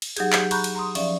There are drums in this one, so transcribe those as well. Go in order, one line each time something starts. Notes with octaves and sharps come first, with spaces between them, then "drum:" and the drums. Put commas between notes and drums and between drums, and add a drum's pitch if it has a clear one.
drum: cymbal
F#3 D#4 G4 G#4, drum: cymbal
G4 G6, drum: clap
A#5 B5 C#6 F#6 G6, drum: cymbal
drum: cymbal
A#5 C6 D#6
F3 C#4 D5 E5, drum: cymbal